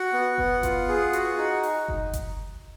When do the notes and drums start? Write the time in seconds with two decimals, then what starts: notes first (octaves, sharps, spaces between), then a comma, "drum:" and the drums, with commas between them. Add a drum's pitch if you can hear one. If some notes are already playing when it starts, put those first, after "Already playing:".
Already playing: F#4 F#5
0.13 B3
0.38 B3, drum: kick F#1
0.63 F4, drum: kick F#1, hi-hat
0.88 G#4
1.13 F#4, drum: hi-hat
1.38 D#4
1.63 drum: open hi-hat
1.88 drum: kick F#1
2.13 drum: kick F#1, hi-hat